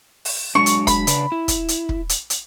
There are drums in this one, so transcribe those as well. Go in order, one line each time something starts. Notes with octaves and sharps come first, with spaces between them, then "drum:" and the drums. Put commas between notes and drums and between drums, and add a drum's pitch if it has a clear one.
drum: open hi-hat
F#3 G#3 D4 C#6
drum: hi-hat
B5, drum: kick, hi-hat
C#3 D4 B4, drum: hi-hat
E4
drum: kick, hi-hat
drum: hi-hat
drum: kick
drum: hi-hat
drum: hi-hat